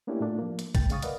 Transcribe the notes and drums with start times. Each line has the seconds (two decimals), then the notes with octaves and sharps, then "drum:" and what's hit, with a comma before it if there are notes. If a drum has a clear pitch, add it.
0.07 A3 A#3 C#4 D4 E4 G4
0.20 A2 A3 D4 D#4 F4
0.39 F3 A#3
0.59 drum: hi-hat
0.75 A3 G5 A6, drum: kick, hi-hat
0.90 C#3 G#3 F5 C#6 D#6 A6, drum: hi-hat
1.02 A#4 B4 D5 D#5 F5 F#5, drum: hi-hat